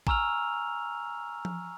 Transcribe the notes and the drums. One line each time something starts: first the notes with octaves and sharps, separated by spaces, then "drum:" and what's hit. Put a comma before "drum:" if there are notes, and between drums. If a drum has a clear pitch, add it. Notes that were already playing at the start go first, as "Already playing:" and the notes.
G#5 A#5 C#6 E6 F6 F7, drum: kick A#1
drum: tom F3